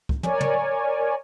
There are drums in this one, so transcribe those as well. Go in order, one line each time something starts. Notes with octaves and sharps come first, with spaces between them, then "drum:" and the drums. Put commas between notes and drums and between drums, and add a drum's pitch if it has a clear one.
drum: kick
A#4 C#5 D5 G#5, drum: tom
drum: tom